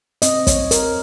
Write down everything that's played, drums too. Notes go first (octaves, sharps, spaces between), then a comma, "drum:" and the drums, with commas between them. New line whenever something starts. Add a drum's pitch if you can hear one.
C4 D#5, drum: hi-hat
C#5, drum: kick, hi-hat
C4
A#4, drum: hi-hat